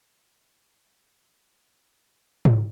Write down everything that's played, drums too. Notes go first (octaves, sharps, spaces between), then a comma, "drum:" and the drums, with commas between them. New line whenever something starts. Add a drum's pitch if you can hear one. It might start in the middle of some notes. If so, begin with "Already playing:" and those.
F#4 E5
drum: tom